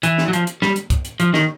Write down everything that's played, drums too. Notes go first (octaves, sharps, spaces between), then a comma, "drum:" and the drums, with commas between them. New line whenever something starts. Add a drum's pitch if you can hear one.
E3, drum: hi-hat
drum: snare
F#3
F3, drum: hi-hat
drum: hi-hat
G3, drum: snare
drum: hi-hat
drum: kick, hi-hat
drum: hi-hat
F3, drum: hi-hat
D#3, drum: snare